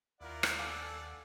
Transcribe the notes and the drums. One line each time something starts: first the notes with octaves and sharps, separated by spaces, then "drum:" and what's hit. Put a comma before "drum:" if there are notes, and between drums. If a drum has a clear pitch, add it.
D#2 E4 F4 A#4 D5 F#5
drum: rim click
A4 F5 G#5 D6